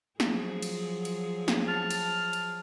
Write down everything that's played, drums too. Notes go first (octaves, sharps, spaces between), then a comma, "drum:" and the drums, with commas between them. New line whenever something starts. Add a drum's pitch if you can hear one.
F3 F#3 G#4, drum: snare
drum: cymbal
drum: cymbal
drum: snare
A5 F6
drum: cymbal
drum: cymbal